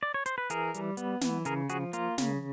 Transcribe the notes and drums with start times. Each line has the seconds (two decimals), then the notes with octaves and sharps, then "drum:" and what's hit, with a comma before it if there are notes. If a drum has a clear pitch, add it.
0.03 D5
0.14 C#5
0.26 C5, drum: hi-hat
0.38 B4
0.50 E3 G#4 A#4, drum: hi-hat
0.74 G3, drum: hi-hat
0.97 B3, drum: hi-hat
1.21 E3, drum: snare
1.45 C#3 G#4 A#4, drum: hi-hat
1.69 F3 F#4 G#4, drum: hi-hat
1.93 A#3 F4, drum: hi-hat
2.18 C#3, drum: snare